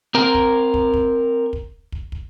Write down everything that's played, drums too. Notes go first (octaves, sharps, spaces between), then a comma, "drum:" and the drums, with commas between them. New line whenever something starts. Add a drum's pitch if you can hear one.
C4 A#4
drum: kick
drum: kick
drum: kick
drum: kick
drum: kick
drum: kick